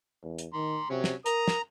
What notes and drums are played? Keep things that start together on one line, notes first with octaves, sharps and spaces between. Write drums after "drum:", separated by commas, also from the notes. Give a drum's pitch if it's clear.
E2
drum: hi-hat
D#3 A#5 C6
C3 F#3 C#4
drum: snare
A#4 A#5 D#6, drum: hi-hat
drum: snare